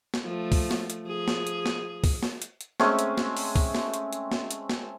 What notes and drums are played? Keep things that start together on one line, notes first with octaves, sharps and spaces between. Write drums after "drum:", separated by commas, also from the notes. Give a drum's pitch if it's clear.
drum: snare
F3 A3
drum: kick C2, open hi-hat
drum: snare
drum: hi-hat
F3 G#4
drum: snare
drum: hi-hat
drum: snare
drum: kick C2, open hi-hat
drum: snare
drum: hi-hat
drum: hi-hat
G#3 A3 C4 C#4, drum: snare
drum: hi-hat
drum: snare
drum: open hi-hat
drum: kick C2, open hi-hat
drum: snare
drum: hi-hat
drum: hi-hat
drum: snare
drum: hi-hat
drum: snare